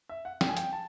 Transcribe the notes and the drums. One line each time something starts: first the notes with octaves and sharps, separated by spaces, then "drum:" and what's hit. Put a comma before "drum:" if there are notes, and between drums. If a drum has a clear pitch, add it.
E5
F#5
G5, drum: snare
G#5
G5, drum: hi-hat
A5